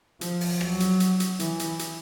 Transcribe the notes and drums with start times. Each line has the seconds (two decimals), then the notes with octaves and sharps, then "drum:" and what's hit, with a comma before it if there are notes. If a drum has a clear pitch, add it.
0.21 F3, drum: hi-hat
0.41 drum: open hi-hat
0.61 F#3, drum: rim click
0.80 drum: hi-hat
1.00 drum: hi-hat
1.20 drum: hi-hat
1.40 E3, drum: hi-hat
1.59 drum: hi-hat
1.79 drum: hi-hat